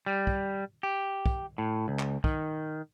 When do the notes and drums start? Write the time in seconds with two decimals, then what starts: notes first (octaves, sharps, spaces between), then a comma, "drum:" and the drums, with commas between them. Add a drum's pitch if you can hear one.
0.06 G3
0.27 drum: kick
0.83 G4
1.26 drum: kick
1.58 A2
1.88 C#2
1.99 drum: clap
2.24 D#3, drum: kick